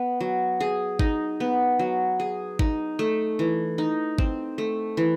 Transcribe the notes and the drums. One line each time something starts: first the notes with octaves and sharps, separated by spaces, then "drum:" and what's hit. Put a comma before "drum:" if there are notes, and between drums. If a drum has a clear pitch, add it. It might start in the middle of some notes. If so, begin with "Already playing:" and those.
Already playing: B3
F#3
G#4
D#4, drum: kick G#1
B3
F#3
G#4
D#4, drum: kick G#1
A3
E3
D#4
C4, drum: kick G#1
A3
E3